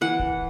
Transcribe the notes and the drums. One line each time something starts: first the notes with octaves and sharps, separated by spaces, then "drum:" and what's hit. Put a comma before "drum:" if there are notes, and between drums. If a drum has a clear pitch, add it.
E3 F#5
drum: kick D1